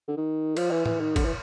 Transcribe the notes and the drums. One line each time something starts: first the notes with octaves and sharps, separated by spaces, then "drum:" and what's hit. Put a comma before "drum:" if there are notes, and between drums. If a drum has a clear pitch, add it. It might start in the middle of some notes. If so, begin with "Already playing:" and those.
D3
D#3
F3, drum: cymbal
E3
E3, drum: tom A2
D#3
D3, drum: kick, cymbal
E3